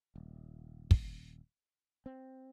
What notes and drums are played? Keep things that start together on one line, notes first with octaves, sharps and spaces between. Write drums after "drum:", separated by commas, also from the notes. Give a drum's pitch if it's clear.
D#1
drum: kick
C4